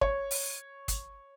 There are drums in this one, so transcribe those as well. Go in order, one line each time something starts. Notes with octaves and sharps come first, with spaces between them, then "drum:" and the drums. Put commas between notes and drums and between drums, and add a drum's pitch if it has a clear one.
C#5, drum: kick
drum: open hi-hat
drum: kick, hi-hat